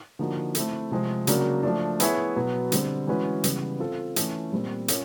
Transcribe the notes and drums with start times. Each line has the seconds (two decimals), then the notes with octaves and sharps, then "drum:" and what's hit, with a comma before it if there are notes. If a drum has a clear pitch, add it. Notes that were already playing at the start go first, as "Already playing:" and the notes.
0.19 D3 F3 A#3 D#4 F#4
0.55 A3 C4 E4 A4, drum: hi-hat
0.91 C3 F3 G#3 C4
1.27 C#3 F#3 A#3 D4 F#4, drum: hi-hat
1.63 F3 A3 D4
2.00 B3 E4 G#4 C#5 E5, drum: hi-hat
2.36 B2 F#3 B3
2.72 D3 G3 C4, drum: hi-hat
3.07 E3 G#3 C#4 F#4 B4
3.44 C#3 E3 G3 B3, drum: hi-hat
3.79 C4 F4 A4
4.16 E3 A3 C#4, drum: hi-hat
4.52 A#2 G3 C4
4.88 C#4 F4 A#4 C#5, drum: hi-hat